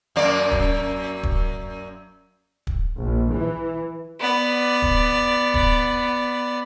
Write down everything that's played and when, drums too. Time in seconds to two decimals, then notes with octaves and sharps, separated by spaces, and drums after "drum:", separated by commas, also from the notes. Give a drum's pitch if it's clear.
0.16 F#2 A#3 D5
0.52 drum: kick
1.23 drum: kick
2.67 drum: kick
2.99 A#1
3.31 E3
4.20 B3 D5
4.82 drum: kick
5.54 drum: kick